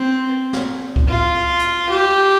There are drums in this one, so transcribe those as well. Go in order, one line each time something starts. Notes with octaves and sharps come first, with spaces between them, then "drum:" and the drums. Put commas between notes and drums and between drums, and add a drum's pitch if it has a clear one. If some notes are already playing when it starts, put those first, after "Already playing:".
Already playing: C4
drum: snare
drum: kick C#2
F4
drum: hi-hat
G4